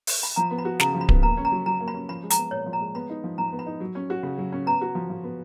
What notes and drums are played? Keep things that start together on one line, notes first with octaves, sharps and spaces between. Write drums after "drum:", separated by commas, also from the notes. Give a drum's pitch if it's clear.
drum: open hi-hat
B5
F3 A#5
B3
B5
F#4
C#3 A#5, drum: snare
F3
B5
B3, drum: kick D1
A#3 A#5
C#4
A#5
F#3
F#3 A#5
A#3
B5
C#4
F3 B5
G#3
A#5, drum: hi-hat
B3
A#2 C#5
F3
A#5
G#3
B3 B5
D#4
F3
F3 A#5
B3
B5
D#4
F#3
C#4
F#4
C#3
F#3
C#4
B3 A#5
F#4
F3
F3
B3